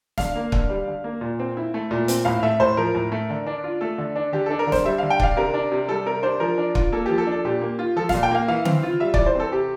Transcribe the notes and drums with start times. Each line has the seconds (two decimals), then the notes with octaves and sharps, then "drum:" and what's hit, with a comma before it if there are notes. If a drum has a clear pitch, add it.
0.18 D3 F5, drum: snare
0.36 A#3
0.52 D3, drum: kick
0.69 G3
0.88 D3
1.04 A#3
1.21 A#2
1.39 C4
1.57 E4
1.74 A3
1.91 A#2
2.08 C4, drum: hi-hat
2.25 A2 F5
2.43 A3 E5
2.60 A2 C5
2.77 F3 A#4
2.94 A2
3.12 A3
3.30 D3
3.47 D4
3.64 F4
3.81 A3 A4
3.98 D3
4.16 D4
4.33 D3 G4
4.46 D4 A4
4.59 A#4
4.67 D3
4.72 C5, drum: snare
4.84 G3 E5
4.98 D3 F5
5.10 G5
5.20 D4 F5, drum: kick
5.36 C3 A#4
5.54 D4
5.72 C3
5.88 G3 A4
6.06 C3 A#4
6.23 D4 C5
6.40 F3 A#4
6.58 D4
6.75 F4, drum: kick
6.92 A#3 A4
7.06 F3 G4
7.18 A4
7.27 D4
7.32 A4
7.45 A#2 G4
7.61 A#3
7.79 F4
7.96 F3 A4
8.09 A#2 F5, drum: snare
8.23 G5
8.31 A#3 F5
8.48 E3 F5
8.65 C4, drum: tom D3
8.83 F4
9.00 G3 E5
9.14 E3 D5, drum: kick
9.26 C5
9.35 C4 A4
9.51 C3 G4